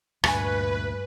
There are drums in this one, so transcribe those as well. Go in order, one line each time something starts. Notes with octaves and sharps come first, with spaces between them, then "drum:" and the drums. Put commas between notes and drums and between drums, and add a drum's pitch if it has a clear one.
D2 G2 A#2 B4 G#5 C#6, drum: rim click